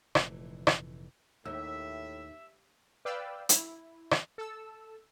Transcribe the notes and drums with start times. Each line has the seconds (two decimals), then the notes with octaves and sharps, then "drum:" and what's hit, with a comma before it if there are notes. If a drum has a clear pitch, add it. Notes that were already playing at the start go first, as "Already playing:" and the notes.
0.15 F1 A#2 E3, drum: rim click
0.67 drum: rim click
1.45 D#2 A2 E5 E6
3.05 B4 D5 F5 G5 E6
3.49 E4, drum: hi-hat
4.11 drum: rim click
4.38 A4 E6